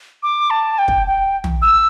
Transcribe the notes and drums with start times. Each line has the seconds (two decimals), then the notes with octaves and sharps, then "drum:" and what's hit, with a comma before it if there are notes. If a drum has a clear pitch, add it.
0.23 D6
0.50 A5
0.78 G5
0.88 drum: kick
1.07 G5
1.44 drum: tom
1.62 E6